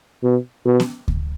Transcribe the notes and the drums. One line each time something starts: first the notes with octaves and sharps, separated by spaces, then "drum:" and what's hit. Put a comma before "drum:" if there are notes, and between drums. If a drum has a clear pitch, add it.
B2
B2
drum: snare B3
drum: kick D2